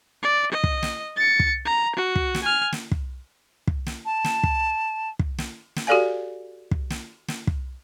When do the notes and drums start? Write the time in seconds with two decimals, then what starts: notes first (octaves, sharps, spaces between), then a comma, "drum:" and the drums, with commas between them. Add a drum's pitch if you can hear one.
0.23 D5
0.52 D#5
0.64 drum: kick
0.83 drum: snare
1.17 A6 C#7
1.40 drum: kick
1.66 A#5
1.95 F#4
2.16 drum: kick
2.35 drum: snare
2.44 G#5 F6
2.72 drum: snare
2.91 drum: kick
3.67 drum: kick
3.86 drum: snare
4.05 A5
4.24 drum: snare
4.43 drum: kick
5.19 drum: kick
5.38 drum: snare
5.76 drum: snare
5.87 F#4 G4 A4 D5 F5 G#5
6.71 drum: kick
6.90 drum: snare
7.28 drum: snare
7.47 drum: kick